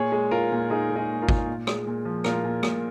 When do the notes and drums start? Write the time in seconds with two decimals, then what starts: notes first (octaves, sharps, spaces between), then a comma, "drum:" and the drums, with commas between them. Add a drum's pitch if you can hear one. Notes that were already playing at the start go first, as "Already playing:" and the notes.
Already playing: A#2 G#4 C#5
0.12 G#3
0.31 G#3 F4 A#4
0.52 A#2
0.70 G#3 D#4 G#4
0.89 G#3
0.96 D#4 G#4
1.09 A#2
1.22 F4 A#4
1.29 A#2, drum: kick
1.47 A#2
1.67 G#3, drum: rim click
1.87 A#2
2.05 F3
2.24 A#2 F4 A#4, drum: rim click
2.44 A#2
2.63 A#2, drum: rim click